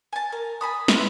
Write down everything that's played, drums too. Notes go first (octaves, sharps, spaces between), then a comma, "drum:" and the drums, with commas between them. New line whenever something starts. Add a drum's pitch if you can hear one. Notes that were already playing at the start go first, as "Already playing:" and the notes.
G#5 A5
A#4
G#5 A5 B5 D#6
E4 B4 C6, drum: snare